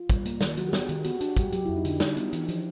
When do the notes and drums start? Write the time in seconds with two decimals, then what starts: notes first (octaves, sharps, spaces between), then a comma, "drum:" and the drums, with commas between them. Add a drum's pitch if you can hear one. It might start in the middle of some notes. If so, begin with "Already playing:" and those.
Already playing: F4
0.10 G3, drum: kick, hi-hat
0.25 A#3, drum: hi-hat
0.41 D#3, drum: snare
0.57 F#3 F#4, drum: hi-hat
0.69 G4
0.73 B3, drum: snare
0.82 G#4
0.89 D#3, drum: hi-hat
1.04 B3 F#4, drum: hi-hat
1.21 D4 F#4, drum: hi-hat
1.37 G3 G4, drum: kick, hi-hat
1.52 F#3 G4, drum: hi-hat
1.65 F2 E4
1.76 D#4
1.85 D3 D4, drum: hi-hat
2.00 G3 D#4, drum: snare
2.17 B3, drum: hi-hat
2.33 E3, drum: hi-hat
2.49 F3 G4, drum: hi-hat